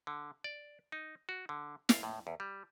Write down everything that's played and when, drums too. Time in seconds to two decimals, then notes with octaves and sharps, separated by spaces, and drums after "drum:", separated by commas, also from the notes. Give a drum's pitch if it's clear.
0.07 D3
0.44 D5
0.92 D#4
1.29 F#4
1.49 D3
1.89 F5, drum: snare
2.03 A2
2.27 E2
2.40 G3